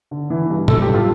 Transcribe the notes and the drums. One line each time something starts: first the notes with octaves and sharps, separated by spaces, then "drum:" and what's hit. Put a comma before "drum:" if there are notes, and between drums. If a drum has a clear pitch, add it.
D3
E3
G2
G2 A4, drum: tom A2
G4
G2
F4